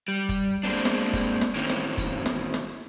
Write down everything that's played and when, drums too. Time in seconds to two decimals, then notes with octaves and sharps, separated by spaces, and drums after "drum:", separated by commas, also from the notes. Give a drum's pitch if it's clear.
0.08 G3
0.29 drum: kick, hi-hat
0.63 G#3 A#3 C4 D4
0.85 drum: snare
1.13 drum: kick, hi-hat
1.41 drum: snare
1.55 A2 D#3 E3 C4 C#4
1.69 drum: snare
1.98 drum: kick, hi-hat
2.26 drum: snare
2.54 drum: snare